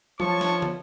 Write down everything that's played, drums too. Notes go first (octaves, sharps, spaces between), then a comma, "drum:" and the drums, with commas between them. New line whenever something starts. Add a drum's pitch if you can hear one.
F3 C#5 A5 C#6, drum: tom F#3
drum: snare
drum: tom